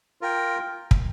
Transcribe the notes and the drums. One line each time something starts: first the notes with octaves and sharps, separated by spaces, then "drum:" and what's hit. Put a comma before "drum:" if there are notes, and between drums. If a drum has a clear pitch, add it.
F4 A#4 G5
drum: kick